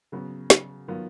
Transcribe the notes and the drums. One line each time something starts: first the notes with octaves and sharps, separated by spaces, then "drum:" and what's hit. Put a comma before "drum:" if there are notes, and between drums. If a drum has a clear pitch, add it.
C#3 F#3 B3
drum: snare
D#3 F#3 B3 F4